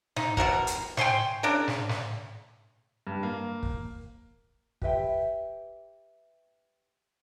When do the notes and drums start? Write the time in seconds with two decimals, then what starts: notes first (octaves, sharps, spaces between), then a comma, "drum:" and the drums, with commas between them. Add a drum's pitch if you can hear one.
0.16 D#4, drum: snare
0.37 B2 G3 F#4 A#4, drum: kick
0.67 drum: hi-hat
0.97 G5 G#5 C6 C#6, drum: snare
1.43 C#3 D4 A#4
1.68 drum: snare
1.89 drum: snare
3.07 G2
3.23 A#3
3.63 drum: kick
4.82 G4 B4 E5 G5, drum: kick